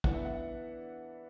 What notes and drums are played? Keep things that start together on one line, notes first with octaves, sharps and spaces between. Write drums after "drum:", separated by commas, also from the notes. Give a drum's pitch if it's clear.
E3 B3 D4 F#5, drum: kick
E5
F#5